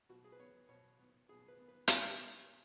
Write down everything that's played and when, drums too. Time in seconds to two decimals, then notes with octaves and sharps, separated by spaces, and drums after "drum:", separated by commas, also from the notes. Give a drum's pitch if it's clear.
0.09 B2 F#4
0.24 G#4
0.32 B4
0.39 B3 C#5
0.69 B2 C#5
0.99 B3
1.29 B2 G#4
1.48 B4
1.58 B3
1.68 B4
1.88 B2 C#5, drum: hi-hat
2.18 B3